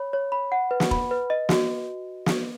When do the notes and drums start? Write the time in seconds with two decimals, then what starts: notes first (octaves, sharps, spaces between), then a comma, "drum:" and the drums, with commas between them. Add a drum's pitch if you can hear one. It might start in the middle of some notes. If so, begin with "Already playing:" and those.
Already playing: C#5 B5
0.13 C#5
0.32 B5
0.52 F#5
0.71 B4
0.80 drum: snare
0.91 B5, drum: kick
1.11 B4
1.30 D#5
1.49 F#4, drum: snare
2.26 drum: snare